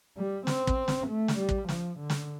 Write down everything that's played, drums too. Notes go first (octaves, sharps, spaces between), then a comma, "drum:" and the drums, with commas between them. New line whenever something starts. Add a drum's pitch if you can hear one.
G3
C4, drum: snare
drum: kick
drum: snare
A3
drum: snare
G3
drum: kick
F3, drum: snare
D3
drum: snare